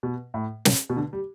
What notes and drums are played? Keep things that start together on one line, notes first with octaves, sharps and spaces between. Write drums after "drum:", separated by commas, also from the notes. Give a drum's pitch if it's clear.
B2
A2
drum: snare
B2
D3
G3